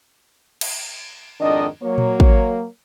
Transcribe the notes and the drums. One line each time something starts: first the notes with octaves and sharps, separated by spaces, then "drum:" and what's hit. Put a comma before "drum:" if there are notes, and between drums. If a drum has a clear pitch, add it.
drum: cymbal
F2 G#2 D#3 D4 D#5
F#3 A#3 C#5
drum: tom A#2
drum: kick